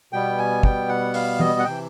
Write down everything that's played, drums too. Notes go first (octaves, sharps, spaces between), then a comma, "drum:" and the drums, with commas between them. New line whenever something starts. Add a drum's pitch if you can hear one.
B2 G3 B3 G5
G#5
G5, drum: kick
F#5
F5, drum: open hi-hat
D#5, drum: tom
F#5
C3 E3 G5